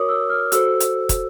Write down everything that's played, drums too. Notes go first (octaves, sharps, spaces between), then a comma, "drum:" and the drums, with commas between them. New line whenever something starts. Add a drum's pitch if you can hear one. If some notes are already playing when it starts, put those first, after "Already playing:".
Already playing: F#4 A#4 C#5 D6 D#6
E6
F6
F#4 A4 C5 E6, drum: hi-hat
drum: hi-hat
drum: kick, hi-hat